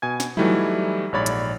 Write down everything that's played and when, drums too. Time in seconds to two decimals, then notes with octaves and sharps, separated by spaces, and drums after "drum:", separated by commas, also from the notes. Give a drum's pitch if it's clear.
0.02 B2 G#5 G#6
0.20 drum: snare
0.37 E3 F#3 G3 A3 D#4 E4, drum: tom F3
1.12 A#1 G#2 C#5 D5 B5 A6
1.26 drum: hi-hat